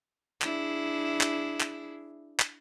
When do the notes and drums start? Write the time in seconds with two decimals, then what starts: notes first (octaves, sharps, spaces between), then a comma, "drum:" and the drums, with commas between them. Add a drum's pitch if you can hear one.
0.42 D4 E4 G#4, drum: clap
1.21 drum: clap
1.61 drum: clap
2.40 drum: clap